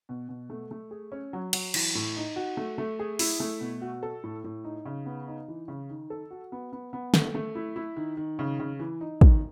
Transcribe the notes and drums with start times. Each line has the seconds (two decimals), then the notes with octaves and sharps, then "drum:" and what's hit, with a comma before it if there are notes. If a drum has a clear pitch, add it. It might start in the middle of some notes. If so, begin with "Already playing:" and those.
0.09 B2
0.29 B2
0.50 A3
0.71 A3
0.91 G#4
1.12 C#4
1.33 F#3
1.53 F#3, drum: cymbal
1.74 E3, drum: cymbal
1.95 A2
2.16 D#4
2.36 F#4
2.57 A3
2.78 A3
2.99 G#4
3.19 E4, drum: open hi-hat
3.40 A3
3.61 B2
3.81 F#4
4.03 A4
4.24 A2
4.44 A2
4.64 D#4
4.86 C#3
5.06 B3
5.27 D#4
5.48 E3
5.68 C#3
5.90 D#3
6.10 A4
6.31 F#4
6.52 B3
6.73 B3
6.93 B3
7.14 A3, drum: snare
7.35 A3
7.55 E4
7.76 E4
7.96 D#3
8.17 D#3
8.39 C#3
8.60 C#3
8.80 E3
9.01 D#4
9.21 D#3, drum: kick